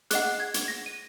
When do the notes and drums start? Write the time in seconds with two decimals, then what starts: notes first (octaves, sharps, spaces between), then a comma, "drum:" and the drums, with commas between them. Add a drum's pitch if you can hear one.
0.11 G#4 D#5 F#5 F#6, drum: hi-hat
0.40 G#6
0.54 drum: hi-hat
0.68 A#6
0.86 D#7